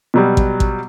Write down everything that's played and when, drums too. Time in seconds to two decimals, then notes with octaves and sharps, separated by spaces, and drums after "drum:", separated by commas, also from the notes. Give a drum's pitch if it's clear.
0.14 B2 F#3 G3
0.37 drum: kick A1
0.60 drum: kick A1